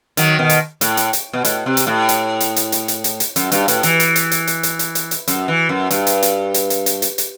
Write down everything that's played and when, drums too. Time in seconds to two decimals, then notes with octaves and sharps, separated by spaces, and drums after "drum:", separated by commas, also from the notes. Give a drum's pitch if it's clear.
0.17 D#3 F#3, drum: hi-hat
0.39 B2 D#3
0.49 drum: hi-hat
0.81 A2, drum: hi-hat
0.97 drum: hi-hat
1.13 drum: hi-hat
1.33 B2
1.45 A2, drum: hi-hat
1.66 C3
1.77 drum: hi-hat
1.87 A2
2.09 drum: hi-hat
2.40 drum: hi-hat
2.56 drum: hi-hat
2.72 drum: hi-hat
2.88 drum: hi-hat
3.04 drum: hi-hat
3.20 drum: hi-hat
3.36 F#2, drum: hi-hat
3.52 G2, drum: hi-hat
3.68 A2, drum: hi-hat
3.83 E3, drum: hi-hat
4.00 drum: hi-hat
4.16 drum: hi-hat
4.31 drum: hi-hat
4.47 drum: hi-hat
4.63 drum: hi-hat
4.79 drum: hi-hat
4.95 drum: hi-hat
5.11 drum: hi-hat
5.28 F#2, drum: hi-hat
5.48 E3
5.69 F#2
5.90 G2, drum: hi-hat
6.07 drum: hi-hat
6.23 drum: hi-hat
6.54 drum: hi-hat
6.70 drum: hi-hat
6.86 drum: hi-hat
7.02 drum: hi-hat
7.18 drum: hi-hat